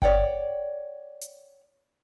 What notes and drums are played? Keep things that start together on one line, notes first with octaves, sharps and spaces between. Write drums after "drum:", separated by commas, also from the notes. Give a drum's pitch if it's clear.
C#5 D5 F#5 G5, drum: kick G1
drum: hi-hat